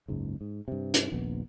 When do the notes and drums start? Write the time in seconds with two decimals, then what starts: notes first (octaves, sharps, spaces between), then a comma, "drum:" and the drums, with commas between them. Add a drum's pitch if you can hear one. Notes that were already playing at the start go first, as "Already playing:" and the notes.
0.08 F#1 C#2 G#2
0.41 G#2
0.68 G2 C3
0.94 drum: hi-hat
1.12 D#1 A#1 B3